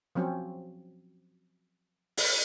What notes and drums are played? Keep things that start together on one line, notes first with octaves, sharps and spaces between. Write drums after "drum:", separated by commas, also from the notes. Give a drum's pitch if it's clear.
F3 F#3 C4 C#4
drum: open hi-hat